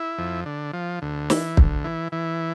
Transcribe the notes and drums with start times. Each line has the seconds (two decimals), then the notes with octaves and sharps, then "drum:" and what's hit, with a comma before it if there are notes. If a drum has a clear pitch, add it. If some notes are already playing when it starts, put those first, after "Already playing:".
Already playing: E4
0.18 F2
0.45 D3
0.73 F3
1.02 D2
1.30 E3, drum: snare
1.57 D2, drum: kick
1.84 E3
2.12 E3